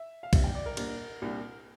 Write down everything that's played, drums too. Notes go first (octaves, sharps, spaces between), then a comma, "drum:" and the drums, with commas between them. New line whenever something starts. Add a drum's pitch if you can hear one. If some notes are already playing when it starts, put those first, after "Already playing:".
Already playing: E5
F5
A#2 G3 D4 E5, drum: kick, cymbal
G5
D5
A#4
A#2 G3 D4, drum: cymbal
C2 A#2 G3 D4